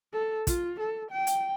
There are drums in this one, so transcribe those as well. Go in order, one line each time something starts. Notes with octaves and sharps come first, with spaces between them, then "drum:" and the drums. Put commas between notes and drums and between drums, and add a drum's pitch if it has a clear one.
A4
F4, drum: kick, hi-hat
A4
G5
drum: hi-hat